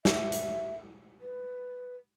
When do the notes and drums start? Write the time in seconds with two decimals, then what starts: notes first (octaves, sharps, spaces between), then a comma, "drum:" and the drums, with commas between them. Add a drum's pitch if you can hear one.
0.05 E5, drum: snare
0.32 drum: hi-hat
1.21 B4